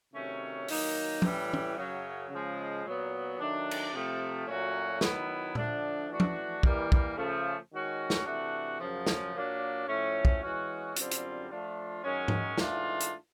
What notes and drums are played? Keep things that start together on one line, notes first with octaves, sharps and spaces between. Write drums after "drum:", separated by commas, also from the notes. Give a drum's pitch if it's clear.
C3 D#3 F#3 A3 C#4
D#3 F#3 A#3 D#4, drum: open hi-hat
A2 E3 G3, drum: tom F3
drum: tom
F#2 C#3 F#3
C#3 F3 G#3
A#2 F#3 B3
D#3 F#3 A3 D4
drum: cymbal
C3 F3 A3
A#2 F#3 A3 C#4 F#4
D#3 F#3 B3 E4, drum: snare
D3 F3 A3 D4, drum: tom A#2
E3 A3 D4 F#4
drum: tom F3
E3 G3 A#3, drum: kick
drum: kick
C#3 F3 A3
D#3 G#3 C#4 F#4
drum: snare
C3 E3 A3 D4 F#4
F#2 C#3 F3
drum: snare
A#2 F#3 A#3 D4
A2 F3 A3 C#4
drum: kick
E3 G#3 C#4 F#4
F#2 D3 G3 C4 F4, drum: hi-hat
drum: hi-hat
F3 A3 D4 F4
F#2 D#3 G#3 C#4
drum: tom G#2
G#2 E3 A3 D4 F4, drum: snare
drum: hi-hat